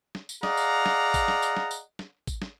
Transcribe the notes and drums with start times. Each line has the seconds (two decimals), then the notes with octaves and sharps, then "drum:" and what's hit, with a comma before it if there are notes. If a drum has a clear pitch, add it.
0.15 drum: snare
0.29 drum: tambourine
0.43 G#4 D5 D#5 F5 F#5 A#5, drum: snare
0.57 drum: tambourine
0.86 drum: snare
1.14 drum: kick G#1, tambourine
1.28 drum: snare
1.42 drum: tambourine
1.57 drum: snare
1.71 drum: tambourine
1.99 drum: snare
2.27 drum: kick G#1, tambourine
2.42 drum: snare